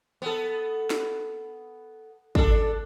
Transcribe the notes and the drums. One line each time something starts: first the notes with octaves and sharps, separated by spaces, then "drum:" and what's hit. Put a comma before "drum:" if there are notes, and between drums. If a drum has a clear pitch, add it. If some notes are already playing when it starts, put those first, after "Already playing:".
B3 A4
drum: snare
D4 A4, drum: kick